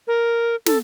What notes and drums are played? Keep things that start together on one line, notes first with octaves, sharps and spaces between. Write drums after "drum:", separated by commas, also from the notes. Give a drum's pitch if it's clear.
A#4
A4, drum: snare